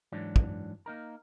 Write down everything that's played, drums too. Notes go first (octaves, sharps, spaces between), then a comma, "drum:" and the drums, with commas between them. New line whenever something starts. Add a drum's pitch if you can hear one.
G#2 E3 F#3 D4
drum: kick
A#3 D#4 A#4